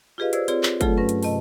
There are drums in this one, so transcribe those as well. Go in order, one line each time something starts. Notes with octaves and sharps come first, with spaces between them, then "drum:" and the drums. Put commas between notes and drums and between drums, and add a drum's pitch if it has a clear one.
F4 G4 G#4 B4 D#5 F5
C5 D5 E6 G#6, drum: hi-hat
C4 F4 G#4 C#5 D5, drum: hi-hat
drum: clap
F#3 A3 F4 G#4 A4, drum: kick, hi-hat
G2 C#4 B4 A#6
drum: hi-hat
C3 D#5 A5, drum: open hi-hat